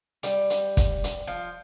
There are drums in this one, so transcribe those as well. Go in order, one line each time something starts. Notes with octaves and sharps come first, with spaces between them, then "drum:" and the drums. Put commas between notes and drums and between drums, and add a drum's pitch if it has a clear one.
G3, drum: hi-hat
drum: hi-hat
drum: kick, hi-hat
drum: hi-hat
F3